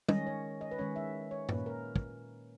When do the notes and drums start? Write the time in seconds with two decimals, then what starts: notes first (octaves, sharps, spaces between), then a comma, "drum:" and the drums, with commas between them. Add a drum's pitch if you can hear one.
0.09 D#3 G#3 C#4 D#5, drum: tom
0.27 C#5
0.61 D#5
0.71 B4
0.78 D#3 G#3 C#4 C#5
0.96 E5
1.31 C#5
1.49 A#2 A#3 C#4 B4, drum: tom G2
1.66 A#4
1.96 drum: kick